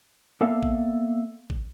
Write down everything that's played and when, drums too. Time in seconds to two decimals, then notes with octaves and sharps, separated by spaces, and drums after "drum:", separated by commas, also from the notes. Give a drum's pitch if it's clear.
0.41 A#3 B3 A4 D5 E5 F5
0.63 drum: kick G#1
1.50 drum: kick G#1